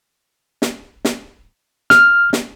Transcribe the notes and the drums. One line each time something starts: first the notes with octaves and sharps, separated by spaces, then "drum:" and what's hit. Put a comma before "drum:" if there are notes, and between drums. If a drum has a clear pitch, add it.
drum: snare
drum: snare
F6, drum: snare
drum: snare